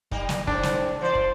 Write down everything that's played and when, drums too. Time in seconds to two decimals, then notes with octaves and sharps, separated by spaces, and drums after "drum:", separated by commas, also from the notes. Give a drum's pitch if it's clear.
0.11 G3 A#3 D#4, drum: kick
0.29 drum: snare
0.47 G#2 C3 C4 D4, drum: kick
0.63 drum: snare
1.01 E3 C5 D5
1.15 drum: kick